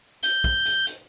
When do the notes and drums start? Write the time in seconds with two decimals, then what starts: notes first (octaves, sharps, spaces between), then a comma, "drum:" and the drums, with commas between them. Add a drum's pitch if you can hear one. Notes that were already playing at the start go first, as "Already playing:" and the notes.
0.23 G6, drum: hi-hat
0.44 drum: kick
0.66 drum: hi-hat
0.87 drum: hi-hat